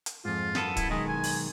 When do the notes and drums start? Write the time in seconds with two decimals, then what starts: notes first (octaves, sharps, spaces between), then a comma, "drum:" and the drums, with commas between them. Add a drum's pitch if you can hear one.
0.06 drum: hi-hat
0.25 F2 G#2 F4
0.55 F#2 B3 A4, drum: snare
0.77 E4, drum: kick, hi-hat
0.90 B1 D#3 G#3 D#5
1.08 G#5
1.24 drum: open hi-hat